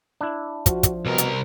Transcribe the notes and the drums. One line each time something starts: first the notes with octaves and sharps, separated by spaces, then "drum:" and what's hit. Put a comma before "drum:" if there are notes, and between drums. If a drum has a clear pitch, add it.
D4 E4
F3 F#4, drum: kick, hi-hat
drum: kick, hi-hat
C2 B2 A#4
drum: hi-hat